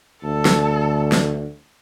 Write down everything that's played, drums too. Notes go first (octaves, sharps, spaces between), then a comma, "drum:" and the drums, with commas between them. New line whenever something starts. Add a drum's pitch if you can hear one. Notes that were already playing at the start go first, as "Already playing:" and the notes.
D2 A4
drum: snare
drum: snare